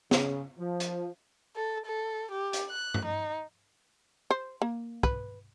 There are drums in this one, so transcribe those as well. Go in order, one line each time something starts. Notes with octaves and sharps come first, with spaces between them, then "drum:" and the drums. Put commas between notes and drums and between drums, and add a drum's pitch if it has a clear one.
C#3, drum: snare
F3
drum: hi-hat
A4
A4
G4
drum: hi-hat
F#6
drum: tom G2
D#4
C5
A#3
B4, drum: kick